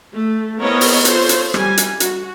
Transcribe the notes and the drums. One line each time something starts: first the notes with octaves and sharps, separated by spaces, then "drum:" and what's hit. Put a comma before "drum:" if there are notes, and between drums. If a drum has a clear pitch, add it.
A3
B3 C4 E4 A#4 C#5 D#5
drum: open hi-hat
F4 A4 C5 C#5, drum: hi-hat
drum: hi-hat
G3 G#5, drum: rim click
drum: hi-hat
F#4, drum: hi-hat